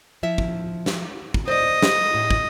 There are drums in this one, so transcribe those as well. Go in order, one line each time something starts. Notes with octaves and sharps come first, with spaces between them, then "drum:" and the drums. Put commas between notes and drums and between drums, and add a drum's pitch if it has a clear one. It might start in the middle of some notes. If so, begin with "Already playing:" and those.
F3 E4 E5
drum: kick
drum: snare
drum: kick
C5 D5 D#5
drum: snare
A2
drum: kick